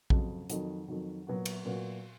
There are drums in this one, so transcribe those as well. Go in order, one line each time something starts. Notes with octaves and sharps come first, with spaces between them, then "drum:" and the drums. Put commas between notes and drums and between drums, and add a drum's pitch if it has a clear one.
F2 C#3 F#3, drum: kick A#1
F2 D#3 F#3, drum: hi-hat
F2 D#3 F#3
A#2 F#3 B3 F#4
drum: cymbal
A#2 F#3 B3 F#4